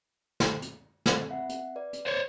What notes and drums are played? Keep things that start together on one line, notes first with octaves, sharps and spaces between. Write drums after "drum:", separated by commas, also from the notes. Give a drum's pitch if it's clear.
drum: snare
drum: hi-hat
C4 B5, drum: snare
C4 E5 F#5
drum: hi-hat
B4 D5
drum: hi-hat
C5 C#5